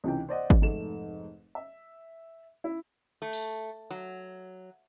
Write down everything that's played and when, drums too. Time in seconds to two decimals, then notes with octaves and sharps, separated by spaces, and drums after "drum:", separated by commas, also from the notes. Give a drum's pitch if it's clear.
0.04 C#2 C3 E3 D#4 F4 G5
0.29 C5 D5 D#5 F#5
0.50 drum: kick G#1
0.61 F1 G#2 A3 E7
1.55 E5
2.64 E4
3.22 A3
3.33 drum: open hi-hat
3.91 F#3